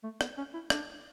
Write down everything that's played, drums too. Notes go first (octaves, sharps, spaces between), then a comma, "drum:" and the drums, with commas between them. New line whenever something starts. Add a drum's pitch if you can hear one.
A3
B3, drum: rim click
C#4
E4
D4, drum: rim click